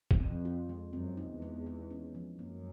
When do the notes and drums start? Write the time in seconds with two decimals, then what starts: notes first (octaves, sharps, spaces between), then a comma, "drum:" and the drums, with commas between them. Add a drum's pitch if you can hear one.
0.11 drum: kick
0.20 F2 C4
0.45 F4
0.69 G#3
0.93 F#2 C4
1.17 D#4
1.29 E2
1.42 G#3
1.67 G#3
1.91 C#4
2.15 F3
2.39 F#2 A#3